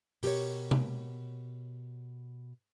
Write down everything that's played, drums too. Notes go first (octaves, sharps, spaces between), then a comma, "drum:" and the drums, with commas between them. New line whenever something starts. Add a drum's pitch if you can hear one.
B2 G4 G#4 A#4 C#5, drum: open hi-hat
drum: tom C3